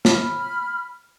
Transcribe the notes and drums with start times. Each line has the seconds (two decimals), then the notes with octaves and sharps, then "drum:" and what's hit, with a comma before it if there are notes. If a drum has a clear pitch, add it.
0.05 B5 F6, drum: snare